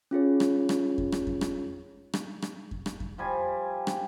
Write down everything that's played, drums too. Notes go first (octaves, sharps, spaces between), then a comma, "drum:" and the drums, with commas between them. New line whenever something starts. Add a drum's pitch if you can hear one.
C#4 F4 G#4 C#5
drum: rim click
drum: rim click
drum: kick F2
drum: rim click
drum: kick F2
drum: rim click
drum: rim click
drum: rim click
drum: kick F2
drum: rim click
drum: kick F2
F3 G3 G#5
drum: rim click